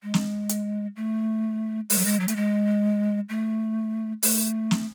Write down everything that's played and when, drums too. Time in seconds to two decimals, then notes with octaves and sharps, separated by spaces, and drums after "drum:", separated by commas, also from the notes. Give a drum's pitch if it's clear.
0.03 G#3
0.14 drum: snare
0.49 drum: hi-hat
0.96 A3
1.90 G#3, drum: open hi-hat
1.98 F#3
2.05 G#3
2.20 F#3
2.28 A3, drum: hi-hat
2.36 G#3
3.29 A3
4.23 A3, drum: open hi-hat
4.71 drum: snare